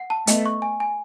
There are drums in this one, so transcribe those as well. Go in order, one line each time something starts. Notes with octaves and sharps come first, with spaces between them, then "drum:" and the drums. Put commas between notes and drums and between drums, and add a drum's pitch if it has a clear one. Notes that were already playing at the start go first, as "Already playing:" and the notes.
Already playing: F#5
A5
A3 B3 D#5, drum: hi-hat
C#6
G#5
G#5